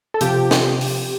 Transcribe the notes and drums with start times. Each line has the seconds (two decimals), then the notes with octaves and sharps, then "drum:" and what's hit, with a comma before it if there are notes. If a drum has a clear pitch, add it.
0.14 A4
0.21 C3 F3 G4, drum: hi-hat
0.51 drum: snare
0.81 drum: open hi-hat